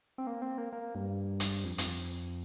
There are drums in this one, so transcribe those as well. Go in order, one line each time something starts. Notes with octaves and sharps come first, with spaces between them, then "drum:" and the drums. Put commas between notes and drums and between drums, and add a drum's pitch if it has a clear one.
C4
A#3
C4
A#3
A#3
G2
drum: hi-hat
F2
F2, drum: hi-hat